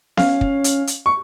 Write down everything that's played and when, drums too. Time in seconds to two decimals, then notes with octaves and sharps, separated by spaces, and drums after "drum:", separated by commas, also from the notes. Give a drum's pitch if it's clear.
0.17 C#4 F5, drum: snare B3
0.41 drum: kick
0.64 drum: hi-hat
0.87 drum: hi-hat
1.06 C#6